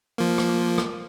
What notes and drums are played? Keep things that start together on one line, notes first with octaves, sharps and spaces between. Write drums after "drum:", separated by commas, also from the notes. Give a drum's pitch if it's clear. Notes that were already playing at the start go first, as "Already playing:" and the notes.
F3 A#3
drum: rim click
drum: rim click